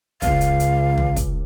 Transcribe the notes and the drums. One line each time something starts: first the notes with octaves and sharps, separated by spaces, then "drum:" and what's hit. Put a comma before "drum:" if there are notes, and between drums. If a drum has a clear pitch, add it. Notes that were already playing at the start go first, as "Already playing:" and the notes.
C#2 F5, drum: kick, hi-hat
drum: hi-hat
drum: hi-hat
drum: tom
drum: kick, hi-hat